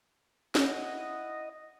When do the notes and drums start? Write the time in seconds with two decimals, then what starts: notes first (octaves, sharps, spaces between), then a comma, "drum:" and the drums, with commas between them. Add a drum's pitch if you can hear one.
0.55 E4 D#5 F#5, drum: snare